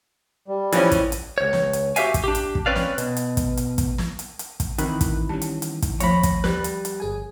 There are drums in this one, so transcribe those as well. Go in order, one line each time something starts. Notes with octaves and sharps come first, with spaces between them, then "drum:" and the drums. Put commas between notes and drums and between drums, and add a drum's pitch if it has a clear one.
G3
E3 F3 C#4, drum: hi-hat
drum: kick, hi-hat
drum: hi-hat
C#2 C#5
drum: snare
drum: hi-hat
F#4 G4 B4 E5 F5 G#5, drum: hi-hat
drum: kick, hi-hat
D4 G4
drum: hi-hat
drum: kick
C4 C#4 B4 D5 F5
drum: snare
B2, drum: hi-hat
drum: hi-hat
drum: kick, hi-hat
drum: hi-hat
drum: kick, hi-hat
drum: snare
drum: hi-hat
drum: hi-hat
drum: kick, hi-hat
D#3 E3 C4 A#4 B5 F#6, drum: hi-hat
drum: kick, hi-hat
G3 C#4 A5
drum: hi-hat
drum: hi-hat
drum: kick, hi-hat
D#2 F3 A3 C#5 B5 A#6, drum: hi-hat
drum: kick, hi-hat
G3 B4, drum: snare
drum: hi-hat
drum: hi-hat
G1 G#4 G#5